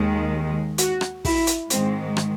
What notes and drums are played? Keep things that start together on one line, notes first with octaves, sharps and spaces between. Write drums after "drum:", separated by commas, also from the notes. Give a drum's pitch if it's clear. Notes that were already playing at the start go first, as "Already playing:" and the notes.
Already playing: D#2 D#3 G#3
F#4, drum: hi-hat
drum: rim click
E4, drum: kick, open hi-hat
drum: hi-hat
G#2 D#3 G#3 C4, drum: hi-hat
drum: rim click